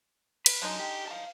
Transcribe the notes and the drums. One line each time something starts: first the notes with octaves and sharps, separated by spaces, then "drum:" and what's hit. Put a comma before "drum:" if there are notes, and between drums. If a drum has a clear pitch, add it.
B4, drum: cymbal
F#2 D3 G#3 D#4
G4
F5 A5